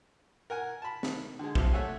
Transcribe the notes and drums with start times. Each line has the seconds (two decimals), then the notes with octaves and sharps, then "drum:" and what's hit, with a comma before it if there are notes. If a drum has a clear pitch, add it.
0.50 A#4 F#5 G#5
0.82 A5 B5
1.03 D#3, drum: snare
1.39 D3 G#3
1.55 B1 C3 F3 G4, drum: kick
1.73 A3 C#5 E5 F#5 G#5